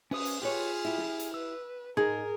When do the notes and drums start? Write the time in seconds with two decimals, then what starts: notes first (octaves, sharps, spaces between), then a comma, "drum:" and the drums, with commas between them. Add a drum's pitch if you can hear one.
0.11 C#4 B4 D#6, drum: cymbal
0.25 drum: hi-hat
0.42 F4 G4 G#4 B4 C#5 F6
0.85 E4 G4
0.98 drum: snare
1.19 drum: hi-hat
1.34 B4 E6
1.97 D#4 G#4 A#4, drum: tom